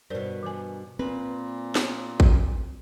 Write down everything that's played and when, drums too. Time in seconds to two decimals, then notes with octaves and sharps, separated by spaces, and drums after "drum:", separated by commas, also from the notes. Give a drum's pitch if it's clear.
0.10 G2 B2 A#4 C5 D5
0.43 E3 A#4 G#5
0.99 A#2 C4 B4
1.75 drum: snare
2.20 drum: kick